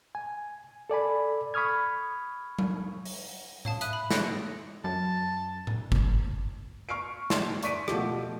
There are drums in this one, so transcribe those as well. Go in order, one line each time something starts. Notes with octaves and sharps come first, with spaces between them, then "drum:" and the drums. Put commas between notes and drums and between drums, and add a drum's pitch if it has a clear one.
G#5
A4 D5 G#5 B5
B5 C#6 D#6 F6 G#6
drum: tom F#3
drum: open hi-hat
C#5 F5 A5 D#6, drum: tom A2
E5 B5 D#6 F#6 D#7, drum: hi-hat
B5
E6 F#6 A#6 C#7 D7, drum: snare
F#2 A5
drum: tom A2
drum: kick G1
C#6 F6 C7 D7
C6, drum: snare
D5 C#6 B6 D7 D#7, drum: hi-hat
B2 F3 A3 G4, drum: rim click